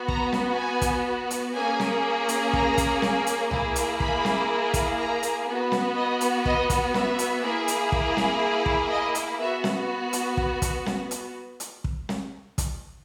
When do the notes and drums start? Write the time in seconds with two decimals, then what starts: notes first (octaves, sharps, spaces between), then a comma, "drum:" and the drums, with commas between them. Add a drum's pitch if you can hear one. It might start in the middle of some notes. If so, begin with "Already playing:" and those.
Already playing: B3 F#4
0.08 A#5, drum: kick
0.32 drum: snare
0.57 G#5
0.81 drum: kick, hi-hat
1.31 drum: hi-hat
1.55 A#3 C#4 G#4 G#5
1.80 drum: snare
2.29 drum: hi-hat
2.53 A#5, drum: kick
2.78 drum: kick, hi-hat
3.02 drum: snare
3.27 drum: hi-hat
3.51 A#3 E4 G#4, drum: tom
3.76 drum: hi-hat
4.00 B5, drum: kick
4.25 drum: snare
4.74 drum: kick, hi-hat
4.98 A#5
5.23 drum: hi-hat
5.47 B3 F#4
5.72 drum: snare
5.96 D#5
6.21 drum: hi-hat
6.45 D#5, drum: kick
6.70 drum: kick, hi-hat
6.94 E5, drum: snare
7.19 drum: hi-hat
7.43 A#3 E4 G#4
7.68 drum: hi-hat
7.92 drum: kick
8.17 drum: snare
8.66 drum: kick
8.90 D#5
9.15 drum: hi-hat
9.39 B3 F#4 E5
9.64 drum: snare
10.13 drum: hi-hat
10.37 drum: kick
10.62 drum: kick, hi-hat
10.86 drum: snare
11.11 drum: hi-hat
11.60 drum: hi-hat
11.84 drum: kick
12.09 drum: snare
12.58 drum: kick, hi-hat